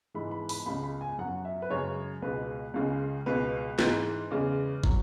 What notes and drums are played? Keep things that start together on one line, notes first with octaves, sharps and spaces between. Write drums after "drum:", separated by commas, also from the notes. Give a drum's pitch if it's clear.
G#2 E3 G#3 B5
B5
B5, drum: open hi-hat
C#2 C#3 G#3 B5
B5
G#5
F#2 F#3 F#5
E5
B4
F#2 C#3 G#3 C#5
C#2 B2 G#3 B4
C#2 C#3 G#3
C#2 B2 G#3 B4
G#2 E3 G#3, drum: snare
E2 C#3 G#3
F#3, drum: kick